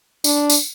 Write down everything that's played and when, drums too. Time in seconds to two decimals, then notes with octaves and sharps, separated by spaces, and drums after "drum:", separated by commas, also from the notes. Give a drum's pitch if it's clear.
0.24 D4, drum: tambourine
0.50 drum: tambourine